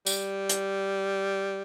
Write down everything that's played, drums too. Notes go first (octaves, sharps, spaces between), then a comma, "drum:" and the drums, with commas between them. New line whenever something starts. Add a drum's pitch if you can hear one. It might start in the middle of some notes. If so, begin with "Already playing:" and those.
G3, drum: tambourine
drum: hi-hat